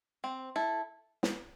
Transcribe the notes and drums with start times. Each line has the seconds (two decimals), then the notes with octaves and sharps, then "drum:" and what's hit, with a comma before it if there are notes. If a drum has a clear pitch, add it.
0.24 C4
0.56 E4 A4
1.23 drum: snare